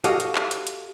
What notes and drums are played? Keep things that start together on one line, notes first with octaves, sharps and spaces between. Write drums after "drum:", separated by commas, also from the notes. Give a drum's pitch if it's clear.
F#4 G4 A4 D#5 F5, drum: hi-hat
drum: hi-hat
drum: clap
drum: hi-hat
drum: hi-hat